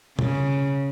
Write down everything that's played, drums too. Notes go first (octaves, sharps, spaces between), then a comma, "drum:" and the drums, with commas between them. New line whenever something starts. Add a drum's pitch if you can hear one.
C#3, drum: tom B2